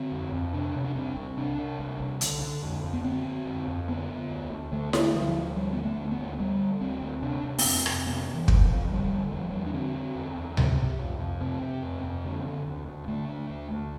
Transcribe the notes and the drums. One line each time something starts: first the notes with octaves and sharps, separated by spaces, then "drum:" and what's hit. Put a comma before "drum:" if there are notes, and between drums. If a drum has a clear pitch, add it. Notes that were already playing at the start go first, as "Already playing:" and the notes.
Already playing: D3 C4
F2
F2
C3 D4
C3
D4
C2 C4
C2
C3 D4
C3
C2
C2
D3, drum: hi-hat
D3
F2
F2
B3
D3 C4
D3
F2
F2
D3 B3
D3
D2
D2
D3 A3
D3, drum: snare E4
D2 F3
G3
F3
D2
D3 G3
D3 B3
A3
D2
B3
D2
D3 G3
D3
D2 C4
D2
C3 D4
C3
B3, drum: open hi-hat
F2 C4
F2, drum: rim click
C3 B3
C3
E3
F2, drum: kick
F3
F2
D3 G3
D3
E2 G3
F3
E2 G3
D4
D3 C4
D3
E2
E2
C3, drum: tom C2
C3
F2
F2
C3 C4
C3
F2
F2
D3
D3
D2
D2
D3 A3
D3
D2
D2